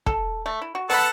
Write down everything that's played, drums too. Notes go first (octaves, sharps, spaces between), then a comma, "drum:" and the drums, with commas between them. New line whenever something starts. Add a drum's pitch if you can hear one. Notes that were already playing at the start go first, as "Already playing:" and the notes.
A4, drum: kick
A3
E4
F#4
B3 A4 B4 F#5 A5 B5